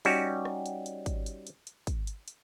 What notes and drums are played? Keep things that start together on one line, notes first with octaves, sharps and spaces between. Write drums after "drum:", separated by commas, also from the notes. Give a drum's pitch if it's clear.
G3 C#4 D#4 F#4 G4, drum: open hi-hat
drum: rim click
drum: hi-hat
drum: hi-hat
drum: kick, hi-hat
drum: hi-hat
drum: hi-hat
drum: hi-hat
drum: kick, hi-hat
drum: hi-hat
drum: hi-hat